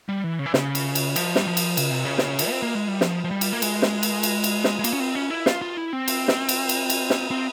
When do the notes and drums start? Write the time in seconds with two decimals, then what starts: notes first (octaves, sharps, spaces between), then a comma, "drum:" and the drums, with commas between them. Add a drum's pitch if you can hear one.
0.09 G3
0.24 E3
0.39 C#3
0.46 E3
0.54 C#3, drum: snare
0.75 drum: cymbal
0.95 drum: cymbal
1.16 F3, drum: cymbal
1.36 G3, drum: snare
1.47 F3
1.57 drum: cymbal
1.77 C#3, drum: cymbal
1.91 C3
2.05 C#3
2.18 drum: snare
2.39 drum: cymbal
2.50 C4
2.62 A#3
2.75 G#3
2.88 G3
3.01 F3, drum: snare
3.24 F3
3.31 G3
3.41 drum: cymbal
3.53 A#3
3.62 G#3, drum: cymbal
3.82 drum: snare
4.03 drum: cymbal
4.23 drum: cymbal
4.44 drum: cymbal
4.64 drum: snare
4.79 G#3
4.84 A#3, drum: cymbal
4.93 C#4
5.00 C4
5.15 C#4
5.30 E4
5.46 F4, drum: snare
5.62 F4
5.77 E4
5.93 C4
6.08 drum: cymbal
6.28 drum: snare
6.49 drum: cymbal
6.69 drum: cymbal
6.90 drum: cymbal
7.10 drum: snare
7.31 C4